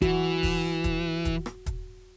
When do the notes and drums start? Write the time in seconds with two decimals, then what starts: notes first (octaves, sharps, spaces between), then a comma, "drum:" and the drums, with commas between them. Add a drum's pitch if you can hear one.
0.02 E3 F#4, drum: kick, hi-hat
0.43 drum: kick, open hi-hat
0.84 drum: kick, hi-hat
1.25 drum: kick, hi-hat
1.46 drum: rim click
1.66 drum: kick, hi-hat